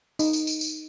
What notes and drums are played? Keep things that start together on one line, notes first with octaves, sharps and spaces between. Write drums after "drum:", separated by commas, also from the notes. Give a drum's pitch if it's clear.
D#4, drum: tambourine
drum: tambourine
drum: tambourine
drum: tambourine